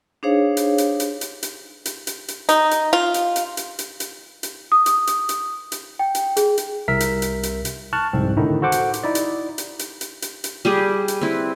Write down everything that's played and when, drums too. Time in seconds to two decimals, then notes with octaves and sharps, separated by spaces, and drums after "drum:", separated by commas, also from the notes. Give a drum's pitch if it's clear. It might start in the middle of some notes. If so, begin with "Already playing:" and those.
0.23 D4 D#4 G#4 C5 C#5 F5
0.57 drum: hi-hat
0.78 drum: hi-hat
1.00 drum: hi-hat
1.21 drum: hi-hat
1.43 drum: hi-hat
1.85 drum: hi-hat
2.07 drum: hi-hat
2.28 drum: hi-hat
2.49 D#4, drum: hi-hat
2.71 drum: hi-hat
2.93 F4
3.14 drum: hi-hat
3.36 drum: hi-hat
3.57 drum: hi-hat
3.79 drum: hi-hat
4.00 drum: hi-hat
4.43 drum: hi-hat
4.72 D#6
4.86 drum: hi-hat
5.07 drum: hi-hat
5.29 drum: hi-hat
5.72 drum: hi-hat
5.99 G5
6.15 drum: hi-hat
6.37 G#4, drum: hi-hat
6.58 drum: hi-hat
6.88 C2 A#4 E5 B6
7.00 drum: hi-hat
7.22 drum: hi-hat
7.43 drum: hi-hat
7.65 drum: hi-hat
7.93 A5 C#6 F6 F#6
8.13 C2 F2 G#2 C4
8.37 A2 D3 D#3 D#4 E4
8.62 F#4 A4 C5 F#5 D6
8.72 drum: hi-hat
8.94 drum: hi-hat
9.03 D#4 E4 D5
9.15 drum: hi-hat
9.58 drum: hi-hat
9.79 drum: hi-hat
10.01 drum: hi-hat
10.22 drum: hi-hat
10.44 drum: hi-hat
10.65 G3 G4 G#4
11.08 drum: hi-hat
11.21 C4 E4 B4